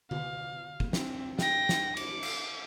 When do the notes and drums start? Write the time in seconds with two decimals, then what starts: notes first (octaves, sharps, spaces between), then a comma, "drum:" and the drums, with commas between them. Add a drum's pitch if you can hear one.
0.11 F5, drum: tom D3
0.80 drum: kick
0.93 C4, drum: snare
1.39 G5 A#6, drum: snare
1.69 drum: snare
1.97 D6, drum: cymbal
2.23 drum: cymbal